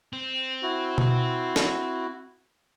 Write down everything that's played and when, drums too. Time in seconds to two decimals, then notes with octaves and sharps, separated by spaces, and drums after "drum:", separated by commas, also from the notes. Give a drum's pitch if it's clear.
0.13 C4
0.63 E4 F#4
0.98 drum: tom B2
1.56 drum: snare